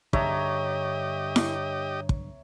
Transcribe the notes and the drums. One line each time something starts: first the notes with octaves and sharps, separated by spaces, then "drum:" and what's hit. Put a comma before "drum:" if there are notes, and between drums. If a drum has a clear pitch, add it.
G2 D3 G4 C#5 D#5 E5 A#5, drum: kick
drum: snare E4
drum: kick